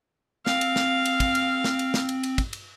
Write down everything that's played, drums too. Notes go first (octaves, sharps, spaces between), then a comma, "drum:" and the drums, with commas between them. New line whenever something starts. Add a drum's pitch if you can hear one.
C4 F5, drum: snare
drum: cymbal
drum: snare
drum: cymbal
drum: kick, cymbal
drum: cymbal
drum: snare
drum: cymbal
drum: snare
drum: cymbal
drum: cymbal
drum: kick, cymbal
drum: cymbal